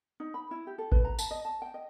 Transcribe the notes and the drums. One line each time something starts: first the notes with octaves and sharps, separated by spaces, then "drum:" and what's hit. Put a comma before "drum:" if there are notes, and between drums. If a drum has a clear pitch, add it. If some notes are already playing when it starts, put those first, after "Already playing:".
D#4
B5
E4
G4
A4
B4, drum: kick A1
A#5
A5, drum: tambourine
D#5
A5
G5
D#5